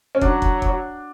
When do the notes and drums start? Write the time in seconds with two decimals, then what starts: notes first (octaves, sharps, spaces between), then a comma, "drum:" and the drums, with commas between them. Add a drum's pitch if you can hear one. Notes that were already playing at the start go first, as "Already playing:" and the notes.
0.15 C#4
0.21 F#3 D4, drum: kick
0.42 drum: kick
0.62 drum: kick